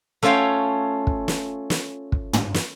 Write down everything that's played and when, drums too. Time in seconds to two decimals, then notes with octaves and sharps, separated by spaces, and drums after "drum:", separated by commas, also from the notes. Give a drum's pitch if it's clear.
0.22 A3 C#4 F4 C#5 F5 G5
1.07 drum: kick
1.28 drum: snare
1.70 drum: snare
2.12 drum: kick
2.33 drum: tom
2.54 drum: snare